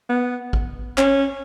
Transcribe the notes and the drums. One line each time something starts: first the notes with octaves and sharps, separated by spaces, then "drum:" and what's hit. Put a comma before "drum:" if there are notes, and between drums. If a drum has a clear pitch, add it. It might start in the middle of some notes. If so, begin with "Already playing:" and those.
B3
drum: kick G#1
C#4, drum: clap